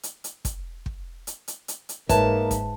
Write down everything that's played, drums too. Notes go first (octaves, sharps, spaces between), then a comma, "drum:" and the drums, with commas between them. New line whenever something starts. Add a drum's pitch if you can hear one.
drum: hi-hat
drum: hi-hat
drum: kick, hi-hat
drum: kick
drum: hi-hat
drum: hi-hat
drum: hi-hat
drum: hi-hat
G#2 A#3 D#4 A#4 B4 C#5 E5 A5, drum: kick, hi-hat
drum: kick, hi-hat